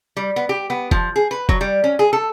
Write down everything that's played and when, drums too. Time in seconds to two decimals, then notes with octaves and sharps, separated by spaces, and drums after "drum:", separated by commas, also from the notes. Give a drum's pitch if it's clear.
0.17 G3
0.36 B3
0.49 G4
0.70 B3
0.91 F3, drum: kick F1
1.16 G#4
1.31 B4
1.49 F#3, drum: kick F1
1.61 G3
1.84 C#4
1.99 G#4
2.13 A4